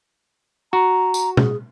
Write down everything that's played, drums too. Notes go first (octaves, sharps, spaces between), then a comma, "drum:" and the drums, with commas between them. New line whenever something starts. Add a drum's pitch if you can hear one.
F#4 A#5
drum: tambourine
G#4, drum: tom B2